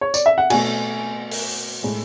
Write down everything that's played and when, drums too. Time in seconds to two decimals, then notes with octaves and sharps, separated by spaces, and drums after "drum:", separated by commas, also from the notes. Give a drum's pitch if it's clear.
0.01 C#5
0.14 D5, drum: tambourine
0.26 E5
0.38 F#5
0.50 B2 A3 G#5, drum: cymbal
1.31 drum: open hi-hat
1.83 A2 G#3